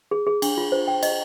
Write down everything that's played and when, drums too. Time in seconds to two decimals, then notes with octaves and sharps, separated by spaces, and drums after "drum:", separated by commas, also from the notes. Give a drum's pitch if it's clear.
0.11 G#4
0.27 G#4
0.42 D4, drum: cymbal
0.57 F4
0.72 C5
0.88 G5
1.03 D#5, drum: cymbal